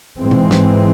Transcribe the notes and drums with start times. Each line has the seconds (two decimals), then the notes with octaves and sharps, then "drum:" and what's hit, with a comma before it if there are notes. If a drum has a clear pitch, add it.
0.17 G#2 E3 G#3 C4
0.31 drum: tom
0.51 drum: snare